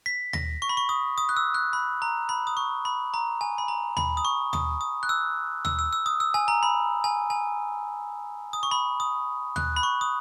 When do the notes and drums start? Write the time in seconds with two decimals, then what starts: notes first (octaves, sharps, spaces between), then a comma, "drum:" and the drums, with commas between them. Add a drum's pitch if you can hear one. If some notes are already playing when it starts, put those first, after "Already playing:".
0.06 B6
0.33 A#6, drum: tom D#2
0.62 C#6
0.69 B5
0.77 C#6
0.89 D#6
1.18 D#6
1.29 F#6
1.37 E6
1.54 F#6
1.73 B5
2.02 A#5
2.29 B5
2.47 D#6
2.57 C#6
2.85 B5
3.14 A#5
3.41 G#5
3.58 B5
3.68 A#5
3.97 B5, drum: tom D#2
4.17 D#6
4.25 C#6
4.53 D#6, drum: tom D#2
4.81 D#6
5.03 F#6
5.09 E6
5.65 E6, drum: tom D#2
5.79 E6
5.93 E6
6.06 D#6
6.20 E6
6.34 G#5
6.48 A#5
6.63 B5
7.04 G#5
7.30 G#5
8.53 D#6
8.63 C#6
8.71 B5
9.00 D#6
9.56 F#6, drum: tom D#2
9.76 B5
9.83 C#6
10.01 D#6